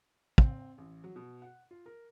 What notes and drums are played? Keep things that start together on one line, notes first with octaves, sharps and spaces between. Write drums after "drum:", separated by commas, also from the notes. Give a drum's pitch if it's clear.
C4, drum: kick
A1
F#3
B2
F#5
F4
A#4